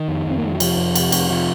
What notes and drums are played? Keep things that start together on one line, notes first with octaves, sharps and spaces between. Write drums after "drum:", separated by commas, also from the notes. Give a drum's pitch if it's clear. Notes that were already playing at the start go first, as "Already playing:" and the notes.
Already playing: D#3
F2
F2 C4
A#3
F2 G#3
F#3
C3 F3, drum: cymbal
F2
C3, drum: cymbal
F2, drum: cymbal
C3 F3